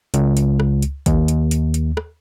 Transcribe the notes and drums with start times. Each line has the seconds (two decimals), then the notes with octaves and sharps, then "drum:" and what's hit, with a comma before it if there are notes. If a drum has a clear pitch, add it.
0.14 C#2, drum: hi-hat
0.37 drum: hi-hat
0.60 drum: rim click
0.82 drum: hi-hat
1.06 D#2, drum: kick, hi-hat
1.28 drum: hi-hat
1.51 drum: hi-hat
1.74 drum: hi-hat
1.97 drum: rim click